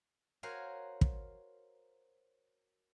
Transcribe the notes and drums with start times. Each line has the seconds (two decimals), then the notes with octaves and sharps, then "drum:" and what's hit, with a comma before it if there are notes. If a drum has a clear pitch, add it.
0.43 F#4 A#4 C5 C#5 F5 G#5
1.01 drum: kick